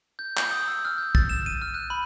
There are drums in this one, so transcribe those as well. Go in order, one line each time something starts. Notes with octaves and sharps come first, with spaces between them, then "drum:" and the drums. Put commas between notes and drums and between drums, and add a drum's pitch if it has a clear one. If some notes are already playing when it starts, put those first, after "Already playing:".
G6
G6, drum: clap
D#6
E6
F6
G6
A6, drum: kick
E7
D#7
F6
F#6
B5